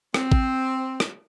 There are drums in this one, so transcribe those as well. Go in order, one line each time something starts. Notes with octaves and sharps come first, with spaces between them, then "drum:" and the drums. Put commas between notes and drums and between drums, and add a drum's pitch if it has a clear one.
C4, drum: rim click
drum: kick
drum: rim click